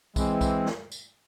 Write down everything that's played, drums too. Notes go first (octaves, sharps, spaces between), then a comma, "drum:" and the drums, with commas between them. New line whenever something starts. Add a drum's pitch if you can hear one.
E3 G#3 C4, drum: kick B1, tambourine
drum: kick B1, tambourine
drum: snare
drum: tambourine